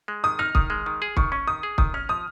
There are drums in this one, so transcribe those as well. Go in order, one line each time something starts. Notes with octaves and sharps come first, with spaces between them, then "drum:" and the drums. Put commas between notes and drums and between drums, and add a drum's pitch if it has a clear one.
G#3
D#3 D#6
D#4 F6
D#3 D#6, drum: kick
G#3
D#3
G#4
D#3 C#6, drum: kick
C#4 C#6
D#3 D#6
G#4
D#3 D#6, drum: kick
C#4 F6
F3 D#6